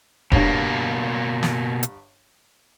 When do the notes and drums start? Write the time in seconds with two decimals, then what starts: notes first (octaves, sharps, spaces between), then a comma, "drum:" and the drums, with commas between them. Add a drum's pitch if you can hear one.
0.32 G1 G2 B2 A#3, drum: kick E1
1.43 drum: snare
1.83 drum: hi-hat